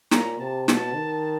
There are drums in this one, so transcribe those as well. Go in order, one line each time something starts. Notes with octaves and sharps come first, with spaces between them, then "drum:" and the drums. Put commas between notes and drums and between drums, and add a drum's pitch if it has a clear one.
A#2 A#5, drum: snare
C3 A5
B2 A5, drum: snare
D#3